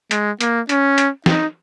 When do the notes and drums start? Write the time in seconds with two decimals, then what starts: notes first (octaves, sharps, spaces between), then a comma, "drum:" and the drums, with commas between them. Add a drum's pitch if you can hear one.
0.11 G#3, drum: hi-hat
0.41 A#3, drum: hi-hat
0.69 C#4, drum: hi-hat
0.98 drum: hi-hat
1.26 D#4, drum: snare